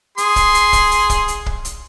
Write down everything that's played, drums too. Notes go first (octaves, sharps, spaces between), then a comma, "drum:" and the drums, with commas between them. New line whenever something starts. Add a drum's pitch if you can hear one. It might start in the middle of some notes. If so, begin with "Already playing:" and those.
G#4 C6, drum: hi-hat
drum: kick, hi-hat
drum: hi-hat
drum: kick, hi-hat
drum: hi-hat
drum: kick, hi-hat
drum: hi-hat
drum: kick
drum: hi-hat